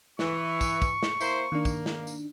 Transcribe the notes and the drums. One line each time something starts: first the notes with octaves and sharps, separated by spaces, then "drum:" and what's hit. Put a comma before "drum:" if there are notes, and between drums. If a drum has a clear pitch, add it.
E3 C#6, drum: snare
drum: kick, tambourine
drum: kick, tambourine
drum: snare
A#3 E4 C5, drum: tambourine
D#3 A#3 D4
drum: kick, tambourine
drum: snare
drum: tambourine